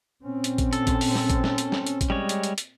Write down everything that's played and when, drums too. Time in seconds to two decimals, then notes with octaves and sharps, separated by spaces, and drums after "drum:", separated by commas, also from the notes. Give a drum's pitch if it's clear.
0.23 A#2 C4 C#4
0.44 drum: hi-hat
0.58 drum: kick, hi-hat
0.73 A4, drum: hi-hat
0.87 drum: kick, hi-hat
1.01 drum: open hi-hat
1.15 drum: snare
1.30 drum: kick, hi-hat
1.44 drum: snare
1.58 drum: hi-hat
1.72 drum: snare
1.87 drum: hi-hat
2.01 drum: kick, hi-hat
2.10 G3 G#3 C#5
2.29 drum: hi-hat
2.43 drum: hi-hat
2.58 drum: hi-hat